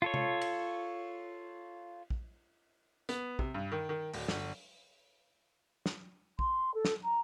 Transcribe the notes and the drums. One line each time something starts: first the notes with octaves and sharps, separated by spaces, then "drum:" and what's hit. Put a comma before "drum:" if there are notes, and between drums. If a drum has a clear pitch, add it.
F4 A4 C#5
drum: tom C3
drum: cymbal
drum: kick A#1
B3, drum: hi-hat
C3, drum: kick A#1
G2
D#3
D#3
D1, drum: open hi-hat
G1, drum: snare
drum: snare
C6, drum: kick A#1
A4
drum: snare
A#5